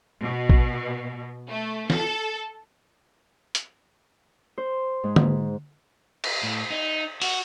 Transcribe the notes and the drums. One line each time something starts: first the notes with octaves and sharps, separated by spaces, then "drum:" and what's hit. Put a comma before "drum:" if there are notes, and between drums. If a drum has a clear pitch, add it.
B2
drum: kick A1
A3
A4, drum: snare
drum: hi-hat
C5
G#2
drum: tom D3
drum: cymbal
A2
D#4
F#4, drum: open hi-hat